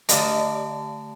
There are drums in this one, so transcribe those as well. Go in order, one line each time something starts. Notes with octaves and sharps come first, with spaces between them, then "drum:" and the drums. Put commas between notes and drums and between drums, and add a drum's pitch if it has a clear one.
D3 A3 D5 D#5 A5, drum: hi-hat